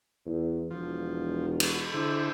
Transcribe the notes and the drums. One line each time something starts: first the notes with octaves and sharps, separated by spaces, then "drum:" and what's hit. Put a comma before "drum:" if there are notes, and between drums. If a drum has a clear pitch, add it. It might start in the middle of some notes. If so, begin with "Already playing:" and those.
E2
E1 F3
drum: cymbal
D3 E4 C5